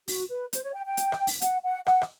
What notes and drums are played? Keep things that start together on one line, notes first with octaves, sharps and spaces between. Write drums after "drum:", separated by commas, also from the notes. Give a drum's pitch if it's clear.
F#4, drum: open hi-hat
B4
C5, drum: hi-hat
C#5
G5
G5
drum: hi-hat
drum: rim click
drum: open hi-hat
F#5, drum: hi-hat
F#5
F#5, drum: rim click
drum: rim click